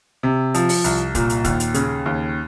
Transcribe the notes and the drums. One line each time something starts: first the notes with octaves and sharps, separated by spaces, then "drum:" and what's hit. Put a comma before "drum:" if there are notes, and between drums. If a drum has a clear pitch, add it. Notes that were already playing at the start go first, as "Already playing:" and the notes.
C3
F3, drum: hi-hat
drum: open hi-hat
C2, drum: hi-hat
A#2, drum: kick, hi-hat
drum: hi-hat
D#2, drum: kick, hi-hat
drum: hi-hat
C#3, drum: hi-hat
D#2